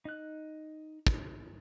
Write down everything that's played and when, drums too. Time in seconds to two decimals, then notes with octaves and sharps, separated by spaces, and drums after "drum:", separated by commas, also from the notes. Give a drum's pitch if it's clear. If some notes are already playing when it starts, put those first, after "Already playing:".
0.05 D#4 F#6
1.07 drum: kick